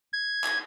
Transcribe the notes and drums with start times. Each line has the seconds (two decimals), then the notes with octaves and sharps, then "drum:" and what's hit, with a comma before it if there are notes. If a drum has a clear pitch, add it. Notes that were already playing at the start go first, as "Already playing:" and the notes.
0.13 G#6
0.44 drum: clap